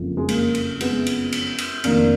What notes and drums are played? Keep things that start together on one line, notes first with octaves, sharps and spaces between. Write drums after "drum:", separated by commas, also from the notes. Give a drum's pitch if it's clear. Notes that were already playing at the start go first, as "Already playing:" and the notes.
Already playing: F#1 F2 F3
G#3
A#3, drum: cymbal
drum: cymbal
G#3 B3, drum: cymbal
drum: cymbal
drum: cymbal
drum: cymbal
F1 F2 D#3 A#3 D4, drum: cymbal